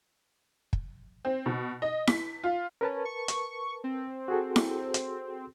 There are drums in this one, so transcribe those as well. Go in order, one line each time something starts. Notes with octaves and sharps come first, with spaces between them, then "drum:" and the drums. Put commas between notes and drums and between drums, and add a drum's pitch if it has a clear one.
drum: kick
C4
B2
D#5
B6, drum: snare E4
F4
C#4 A#4 B4 A5
C#6
C#6, drum: hi-hat
C4
F#4 G#4 A4
drum: snare E4
drum: hi-hat